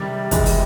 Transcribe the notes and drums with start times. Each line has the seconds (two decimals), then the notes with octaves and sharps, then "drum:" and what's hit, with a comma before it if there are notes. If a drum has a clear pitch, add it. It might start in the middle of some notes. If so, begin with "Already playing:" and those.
Already playing: C3 D#3 G3
0.31 F2 C3 E3 G#3, drum: kick, hi-hat
0.46 drum: open hi-hat